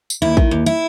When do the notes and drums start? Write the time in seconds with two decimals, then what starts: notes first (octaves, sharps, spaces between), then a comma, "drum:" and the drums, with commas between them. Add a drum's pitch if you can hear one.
0.10 drum: tambourine
0.22 D#2 E4
0.37 D#3, drum: kick
0.51 D#2
0.66 E4